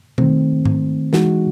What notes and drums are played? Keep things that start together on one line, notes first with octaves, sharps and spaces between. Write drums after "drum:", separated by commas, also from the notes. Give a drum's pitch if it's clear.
D#3 A3 C4, drum: tom B2
drum: tom G#2
E3 G#3 D#4 F#4, drum: snare